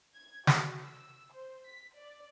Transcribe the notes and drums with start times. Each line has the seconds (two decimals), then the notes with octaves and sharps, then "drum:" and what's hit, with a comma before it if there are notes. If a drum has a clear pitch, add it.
0.16 G#6
0.47 F#4, drum: snare
0.89 E6
1.33 C5
1.65 B6
1.98 D5